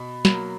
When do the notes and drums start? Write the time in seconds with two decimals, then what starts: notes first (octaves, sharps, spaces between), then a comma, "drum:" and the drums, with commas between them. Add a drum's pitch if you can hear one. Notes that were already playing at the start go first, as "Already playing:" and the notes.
Already playing: B2 B5
0.25 F#3 A#3 B5, drum: snare